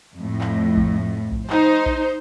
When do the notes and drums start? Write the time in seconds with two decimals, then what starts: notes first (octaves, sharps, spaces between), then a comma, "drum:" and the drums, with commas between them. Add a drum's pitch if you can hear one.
0.17 F2 A2
0.41 drum: clap
0.77 drum: kick A#1
1.32 drum: kick A#1
1.50 D#4 C5, drum: clap
1.86 drum: kick A#1